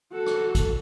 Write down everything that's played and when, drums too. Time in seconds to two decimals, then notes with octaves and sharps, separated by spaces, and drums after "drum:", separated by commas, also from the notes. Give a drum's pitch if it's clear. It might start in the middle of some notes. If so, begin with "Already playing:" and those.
0.12 F#4 A4
0.26 drum: rim click
0.55 drum: kick, hi-hat